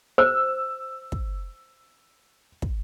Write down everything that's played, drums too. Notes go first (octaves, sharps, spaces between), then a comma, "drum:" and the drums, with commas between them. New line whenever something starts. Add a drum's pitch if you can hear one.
C5 E6
drum: kick
drum: kick